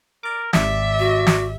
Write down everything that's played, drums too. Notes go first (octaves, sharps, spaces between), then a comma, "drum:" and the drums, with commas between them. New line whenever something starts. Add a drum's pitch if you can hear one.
A#4 D5 D6
G#1 G4 D5 E5, drum: snare
F#4
drum: snare